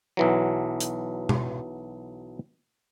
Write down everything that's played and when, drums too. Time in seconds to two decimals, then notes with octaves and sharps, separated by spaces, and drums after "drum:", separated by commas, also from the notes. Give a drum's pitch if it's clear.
0.17 B1 E3 F#3
0.80 drum: hi-hat
1.29 drum: tom B2